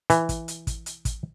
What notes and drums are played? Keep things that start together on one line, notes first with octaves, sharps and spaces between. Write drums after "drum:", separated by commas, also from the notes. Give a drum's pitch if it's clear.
E3, drum: hi-hat
drum: kick, hi-hat
drum: hi-hat
drum: kick, hi-hat
drum: hi-hat
drum: kick, hi-hat